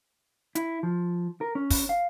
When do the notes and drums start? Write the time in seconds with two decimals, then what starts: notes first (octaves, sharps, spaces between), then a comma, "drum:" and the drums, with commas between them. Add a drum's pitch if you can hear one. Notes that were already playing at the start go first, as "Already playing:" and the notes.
0.55 E4, drum: hi-hat
0.83 F3
1.41 A#4
1.55 C#4
1.70 drum: kick, open hi-hat
1.89 F5